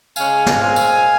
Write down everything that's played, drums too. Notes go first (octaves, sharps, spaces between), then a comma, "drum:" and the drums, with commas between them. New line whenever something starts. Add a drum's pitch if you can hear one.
C#3 G#3 C#4 F5 G#5, drum: tambourine
drum: snare
A#2 G#3 C4 F5 G#5
drum: tambourine